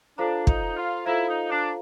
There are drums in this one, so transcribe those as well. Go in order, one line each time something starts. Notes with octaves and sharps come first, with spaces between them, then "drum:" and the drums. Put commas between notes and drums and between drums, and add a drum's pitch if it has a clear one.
D4 F4 A4 C5 F5 A#5
D#4, drum: kick
F4
E4 F4 A4 C5 F5 A#5
D#4
D4